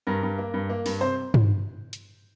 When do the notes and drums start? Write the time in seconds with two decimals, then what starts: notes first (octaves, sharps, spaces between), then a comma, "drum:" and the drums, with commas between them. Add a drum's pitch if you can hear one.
0.07 G2 A#4
0.23 G2
0.38 A#3
0.54 G2
0.69 A#3
0.86 G2, drum: open hi-hat
1.01 C3 C5
1.34 drum: tom
1.93 drum: hi-hat